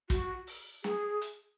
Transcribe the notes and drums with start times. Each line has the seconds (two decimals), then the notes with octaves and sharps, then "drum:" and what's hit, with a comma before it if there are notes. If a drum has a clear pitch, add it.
0.10 F#4, drum: kick, hi-hat
0.47 drum: open hi-hat
0.84 G#4, drum: snare
1.22 drum: hi-hat